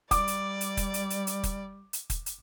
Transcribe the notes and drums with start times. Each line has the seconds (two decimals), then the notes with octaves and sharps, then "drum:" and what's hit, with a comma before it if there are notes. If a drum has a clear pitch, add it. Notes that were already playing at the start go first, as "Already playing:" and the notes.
0.11 G3 D5 D6, drum: kick, hi-hat
0.28 drum: hi-hat
0.61 drum: hi-hat
0.77 drum: kick, hi-hat
0.94 drum: hi-hat
1.10 drum: hi-hat
1.27 drum: hi-hat
1.43 drum: kick, hi-hat
1.93 drum: hi-hat
2.10 drum: kick, hi-hat
2.26 drum: hi-hat